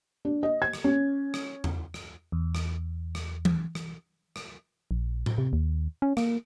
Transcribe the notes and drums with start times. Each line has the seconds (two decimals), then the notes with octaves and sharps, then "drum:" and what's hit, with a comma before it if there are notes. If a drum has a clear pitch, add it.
0.25 D4
0.43 D#5
0.62 G#6
0.73 drum: rim click
0.84 C#4
1.34 drum: rim click
1.64 drum: tom E2
1.94 drum: rim click
2.32 E2
2.55 drum: rim click
3.15 drum: rim click
3.45 drum: tom E3
3.75 drum: rim click
4.36 drum: rim click
4.91 A#1
5.26 drum: tom A2
5.38 C3
5.53 D#2
6.02 C#4
6.17 A#3, drum: rim click